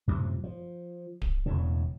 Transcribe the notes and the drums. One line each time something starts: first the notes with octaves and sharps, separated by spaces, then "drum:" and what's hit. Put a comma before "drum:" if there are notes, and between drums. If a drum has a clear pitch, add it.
F#2 A2 C3 F3
F3
drum: kick D1
E1 E2 A2 C#3